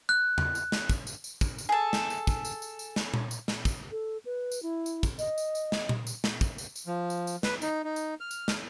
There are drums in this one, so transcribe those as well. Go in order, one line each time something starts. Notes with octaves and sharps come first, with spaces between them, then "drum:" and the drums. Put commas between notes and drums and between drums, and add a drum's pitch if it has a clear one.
F#6
drum: tom E2
drum: tambourine
drum: snare
drum: kick, tambourine
drum: tambourine
drum: tambourine
drum: kick, tambourine
drum: tambourine
G#4 A4
drum: snare
drum: tambourine
drum: kick, tambourine
drum: tambourine
drum: tambourine
drum: tambourine
drum: snare
drum: tom A#2
drum: tambourine
drum: snare
drum: kick, tambourine
A4
B4
drum: tambourine
E4
drum: tambourine
drum: kick, tambourine
D#5, drum: tambourine
drum: tambourine
drum: tambourine
drum: snare
drum: tom
drum: tambourine
drum: snare
drum: kick, tambourine
drum: tambourine
drum: tambourine
F3
drum: tambourine
drum: tambourine
B4, drum: snare
D#4, drum: tambourine
D#4
drum: tambourine
F6
drum: tambourine
drum: snare